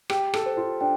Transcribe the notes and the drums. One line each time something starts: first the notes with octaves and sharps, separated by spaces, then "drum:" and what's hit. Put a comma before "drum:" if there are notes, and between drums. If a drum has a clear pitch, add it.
G4 G5, drum: rim click
A4, drum: rim click
C5
F4
D4 G5